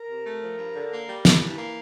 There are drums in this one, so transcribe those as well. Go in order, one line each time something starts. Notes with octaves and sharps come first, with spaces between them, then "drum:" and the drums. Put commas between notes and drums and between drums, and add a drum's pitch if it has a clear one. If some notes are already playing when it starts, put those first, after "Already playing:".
Already playing: A#4
C3
A3
F3
G2
D3
A#3
G3
G2, drum: snare
E3
A#3